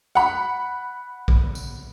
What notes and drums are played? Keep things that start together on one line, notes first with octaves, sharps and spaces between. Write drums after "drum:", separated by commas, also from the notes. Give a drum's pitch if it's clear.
F#5 B5
drum: kick A#1
drum: tambourine